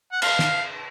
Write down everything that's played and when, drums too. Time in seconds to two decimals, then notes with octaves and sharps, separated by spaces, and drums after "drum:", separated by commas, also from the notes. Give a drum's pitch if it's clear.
0.12 F#5
0.22 F5, drum: cymbal
0.39 drum: snare